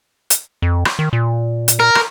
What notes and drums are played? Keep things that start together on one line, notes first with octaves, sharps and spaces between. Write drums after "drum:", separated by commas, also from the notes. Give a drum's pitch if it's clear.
drum: hi-hat
F2
drum: rim click
D#3
A#2
drum: hi-hat
A#4
drum: rim click